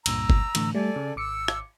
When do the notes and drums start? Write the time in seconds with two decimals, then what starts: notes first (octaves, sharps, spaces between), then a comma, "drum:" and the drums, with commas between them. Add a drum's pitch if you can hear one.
0.06 C#2 G2 A#2 A#5 E6, drum: cymbal
0.30 drum: kick G1
0.55 A2 D3 E3, drum: cymbal
0.75 G3 A3 A4 D5 G#5
0.96 C#3
1.16 G#1 D6 E6 C#7
1.48 drum: rim click